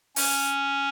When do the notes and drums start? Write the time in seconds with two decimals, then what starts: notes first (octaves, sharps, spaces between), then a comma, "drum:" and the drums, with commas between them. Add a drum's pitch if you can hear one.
0.16 C#4, drum: open hi-hat